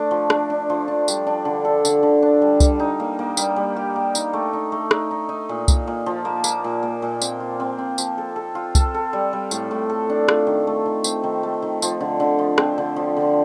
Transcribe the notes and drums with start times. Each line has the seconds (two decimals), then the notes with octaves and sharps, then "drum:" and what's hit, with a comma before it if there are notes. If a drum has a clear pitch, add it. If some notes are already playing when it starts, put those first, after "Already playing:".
Already playing: A3 D4
0.11 F3
0.30 D4, drum: rim click
0.50 D4
0.70 F3
0.88 D4
1.08 G3, drum: tambourine
1.27 D4
1.45 D3
1.65 A4
1.85 D3, drum: tambourine
2.03 D3
2.23 D4
2.41 G3
2.60 G3, drum: kick C2, tambourine
2.80 D#4
3.00 A#3
3.19 A#3
3.37 G3, drum: tambourine
3.56 G3
3.76 G4
3.96 A#3
4.15 D#4, drum: tambourine
4.33 A3
4.53 D#4
4.72 A3
4.91 D#4, drum: rim click
5.11 D#4
5.29 D#4
5.49 A#2
5.68 A#3, drum: kick C2, tambourine
5.87 A#2
6.06 F3
6.25 A#3
6.44 A#3, drum: tambourine
6.64 A#2
6.83 A#3
7.02 A#2
7.22 C4, drum: tambourine
7.40 F4
7.60 C4
7.78 C4
7.98 F3, drum: tambourine
8.18 A4
8.36 A4
8.55 F4
8.75 A4, drum: kick C2, tambourine
8.94 A4
9.13 G3
9.33 G3
9.51 A2, drum: tambourine
9.71 A2
9.90 A4
10.10 D4
10.29 F4, drum: rim click
10.47 D#3
10.67 A3
10.86 D#3
11.04 C4, drum: tambourine
11.24 D#3
11.43 A3
11.62 D#3
11.82 F3, drum: tambourine
12.00 D3
12.20 D3
12.39 F3
12.58 C4, drum: rim click
12.78 D3
12.96 F3
13.17 D3